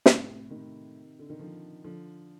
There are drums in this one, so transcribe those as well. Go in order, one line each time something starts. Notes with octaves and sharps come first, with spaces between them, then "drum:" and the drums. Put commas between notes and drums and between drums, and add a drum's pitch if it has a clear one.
A2 C3, drum: snare
C3 D#3
D3
D#3
D3 F3
D3 F3